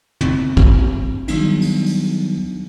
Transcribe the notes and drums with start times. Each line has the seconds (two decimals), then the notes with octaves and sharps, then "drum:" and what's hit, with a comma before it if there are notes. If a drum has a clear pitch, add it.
0.21 C4, drum: tom
0.57 drum: kick
1.28 D#3 F#3 G3 B3 D4 D#4, drum: cymbal
1.61 drum: open hi-hat
1.86 drum: open hi-hat